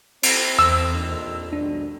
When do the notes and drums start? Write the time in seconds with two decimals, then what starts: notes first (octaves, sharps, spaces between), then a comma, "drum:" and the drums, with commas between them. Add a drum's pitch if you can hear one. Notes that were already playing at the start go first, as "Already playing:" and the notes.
0.23 C4 C5, drum: cymbal
0.59 E2 E6
0.93 A#1 F2 D#4
1.53 B1 D#3 G#3 D4